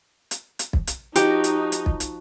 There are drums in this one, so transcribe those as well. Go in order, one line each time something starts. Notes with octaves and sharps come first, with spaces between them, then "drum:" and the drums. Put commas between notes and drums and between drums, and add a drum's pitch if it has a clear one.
drum: hi-hat
drum: hi-hat
drum: kick
drum: hi-hat
F3 D#4 F#4 G4, drum: hi-hat
drum: hi-hat
drum: hi-hat
drum: kick
drum: hi-hat